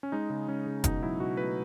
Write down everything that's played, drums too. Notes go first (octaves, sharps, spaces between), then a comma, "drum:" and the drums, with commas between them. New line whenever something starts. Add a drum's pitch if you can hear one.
C#4
G#3 D#4
C#3
G#3 C#4
C#3
B2 D#4, drum: kick F1, hi-hat
F#3 E4
B2 F#4
A3 B4